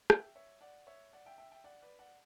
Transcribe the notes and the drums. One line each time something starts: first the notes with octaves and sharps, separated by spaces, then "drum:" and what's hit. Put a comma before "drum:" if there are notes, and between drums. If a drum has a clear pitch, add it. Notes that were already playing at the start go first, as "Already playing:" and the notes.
E5 G5, drum: rim click
C#5 E5
D5 F#5
C#5 E5
D5 F#5
E5 G5
E5 G5
E5 G5
D5 F#5
B4 D5
D5 F#5